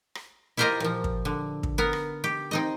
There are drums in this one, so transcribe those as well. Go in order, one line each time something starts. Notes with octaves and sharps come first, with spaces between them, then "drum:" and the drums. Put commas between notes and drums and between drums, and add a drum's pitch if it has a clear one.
drum: rim click
E4 F4 G4 A#4 C5 D#5
A#2 F3
drum: kick
D3
drum: kick
B3 A#4
drum: rim click
G4
C4 D#4 D#5